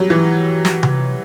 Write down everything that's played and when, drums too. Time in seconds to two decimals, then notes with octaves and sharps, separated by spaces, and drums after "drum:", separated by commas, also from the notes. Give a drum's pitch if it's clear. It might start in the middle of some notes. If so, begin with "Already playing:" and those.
Already playing: F#3 G3
0.10 E3
0.65 drum: snare
0.83 drum: tom C3